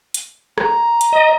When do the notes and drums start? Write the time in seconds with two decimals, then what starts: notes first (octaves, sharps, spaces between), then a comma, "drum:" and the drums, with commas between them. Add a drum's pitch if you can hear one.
0.14 drum: hi-hat
0.58 A#5, drum: rim click
1.01 drum: hi-hat
1.12 D#5